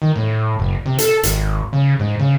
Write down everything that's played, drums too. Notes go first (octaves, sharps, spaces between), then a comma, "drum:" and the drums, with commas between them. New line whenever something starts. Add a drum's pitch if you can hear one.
D#3
A2
F#1
C3
A4, drum: hi-hat
G#1, drum: hi-hat
C#3
G#2
C#3